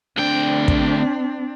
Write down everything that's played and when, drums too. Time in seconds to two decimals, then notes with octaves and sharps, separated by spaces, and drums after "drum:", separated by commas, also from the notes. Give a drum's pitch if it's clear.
0.18 D2 C4 D4 G5
0.68 drum: kick